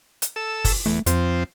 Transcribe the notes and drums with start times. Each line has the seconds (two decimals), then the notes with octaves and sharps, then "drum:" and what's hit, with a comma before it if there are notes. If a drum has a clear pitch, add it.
0.22 drum: hi-hat
0.36 A4 E6
0.64 drum: kick, open hi-hat
0.86 E2 A3
1.06 F2 F3 C4, drum: hi-hat